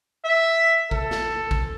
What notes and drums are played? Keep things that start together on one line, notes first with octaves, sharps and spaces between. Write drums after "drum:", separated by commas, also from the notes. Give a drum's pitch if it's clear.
E5
A4, drum: kick A1
drum: snare
drum: kick A1